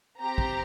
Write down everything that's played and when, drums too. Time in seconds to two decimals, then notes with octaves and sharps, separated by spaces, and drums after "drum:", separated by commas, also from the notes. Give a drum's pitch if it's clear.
0.20 C4 G4 A#5
0.38 drum: kick